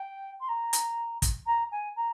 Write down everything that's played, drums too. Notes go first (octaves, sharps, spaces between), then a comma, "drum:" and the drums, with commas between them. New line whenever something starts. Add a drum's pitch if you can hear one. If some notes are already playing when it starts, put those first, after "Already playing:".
Already playing: G5
C6
A#5
drum: hi-hat
drum: kick, hi-hat
A#5
G#5
A#5